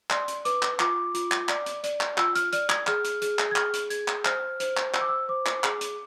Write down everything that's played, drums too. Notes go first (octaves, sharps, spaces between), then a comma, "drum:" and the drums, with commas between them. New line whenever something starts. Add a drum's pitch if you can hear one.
D5 C6, drum: clap
drum: hi-hat
B4 D6, drum: hi-hat
drum: clap
F4 D6, drum: clap
F4, drum: hi-hat
drum: clap
D5, drum: clap
drum: hi-hat
D5, drum: hi-hat
drum: clap
F4 E6, drum: clap
F6, drum: hi-hat
D5 F6, drum: hi-hat
G#6, drum: clap
G#4 F6, drum: clap
drum: hi-hat
G#4, drum: hi-hat
drum: clap
G#6
G#4 F6, drum: clap
drum: hi-hat
G#4 G#6, drum: hi-hat
drum: clap
C5 F6, drum: clap
C5, drum: hi-hat
drum: clap
C5 E6, drum: clap
D6
E6
C5 D6
drum: clap
G#4, drum: clap
drum: hi-hat